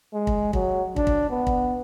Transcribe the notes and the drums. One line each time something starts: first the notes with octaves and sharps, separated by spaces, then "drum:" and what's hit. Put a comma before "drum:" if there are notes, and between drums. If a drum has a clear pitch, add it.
G#3
drum: kick
F#3, drum: kick
D4, drum: kick
drum: kick
B3
drum: kick